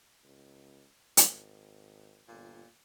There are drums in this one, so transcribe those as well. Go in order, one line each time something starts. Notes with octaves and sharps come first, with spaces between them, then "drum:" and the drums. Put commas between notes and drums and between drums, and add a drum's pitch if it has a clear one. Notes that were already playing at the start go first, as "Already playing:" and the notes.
C#2
G#1, drum: hi-hat
G1 A#2